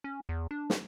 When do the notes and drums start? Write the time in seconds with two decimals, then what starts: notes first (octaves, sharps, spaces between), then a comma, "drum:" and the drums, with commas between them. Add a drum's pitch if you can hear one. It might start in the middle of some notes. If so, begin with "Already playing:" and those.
0.04 C#4
0.29 E2
0.51 D4
0.70 drum: snare